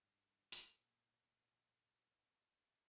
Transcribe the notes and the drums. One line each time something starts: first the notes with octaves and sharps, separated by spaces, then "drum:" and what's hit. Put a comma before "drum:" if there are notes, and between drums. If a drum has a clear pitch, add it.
G2
A#2, drum: hi-hat